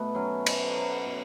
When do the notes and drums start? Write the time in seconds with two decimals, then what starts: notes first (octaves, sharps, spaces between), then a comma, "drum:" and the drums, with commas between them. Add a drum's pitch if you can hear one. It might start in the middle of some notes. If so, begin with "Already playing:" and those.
Already playing: B2 A3 B3
0.15 F#3 C#4
0.46 B2, drum: cymbal
0.77 F#3
1.06 B2